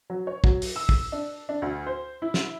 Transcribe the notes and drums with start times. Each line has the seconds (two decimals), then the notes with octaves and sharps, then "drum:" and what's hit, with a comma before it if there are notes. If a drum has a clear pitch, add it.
0.10 F#3
0.27 C#5
0.44 F#3, drum: kick
0.62 drum: open hi-hat
0.76 E6
0.89 drum: kick
1.12 D4
1.49 D4
1.62 D2
1.86 C5
2.22 E4
2.34 drum: snare